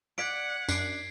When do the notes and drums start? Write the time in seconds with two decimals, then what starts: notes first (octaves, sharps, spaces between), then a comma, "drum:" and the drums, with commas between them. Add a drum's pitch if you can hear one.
0.18 D5 F#5 G#6 B6 D7
0.69 F#2 D4 C7 D7, drum: tambourine